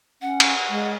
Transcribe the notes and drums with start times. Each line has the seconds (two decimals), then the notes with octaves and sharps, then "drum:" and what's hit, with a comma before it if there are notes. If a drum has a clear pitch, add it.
0.22 C#4 F#5
0.40 drum: cymbal
0.70 G#3